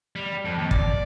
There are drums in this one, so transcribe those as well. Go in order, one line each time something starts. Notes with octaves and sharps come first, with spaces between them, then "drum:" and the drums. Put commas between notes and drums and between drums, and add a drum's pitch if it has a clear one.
G3
F2
D#2
D5, drum: kick